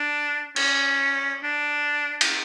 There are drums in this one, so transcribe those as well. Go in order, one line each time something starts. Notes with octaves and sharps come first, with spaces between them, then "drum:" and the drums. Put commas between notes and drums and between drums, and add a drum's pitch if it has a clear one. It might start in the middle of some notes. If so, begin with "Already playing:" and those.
Already playing: D4
C#4, drum: cymbal
D4
drum: cymbal